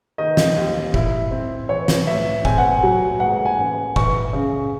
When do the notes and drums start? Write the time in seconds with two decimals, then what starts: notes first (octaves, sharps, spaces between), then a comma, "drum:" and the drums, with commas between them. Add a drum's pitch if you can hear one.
0.18 D#3 D#5
0.37 drum: snare
0.56 D#2
0.94 E4, drum: kick F#1
1.31 C4
1.69 E3 C#5
1.88 drum: snare
2.07 A2 E5
2.45 C4 G#5, drum: kick F#1
2.58 F#5
2.72 G#5
2.83 F#3
3.20 G#2 F#5
3.45 G#5
3.58 A1
3.96 E3 C#6, drum: kick F#1
4.33 C#3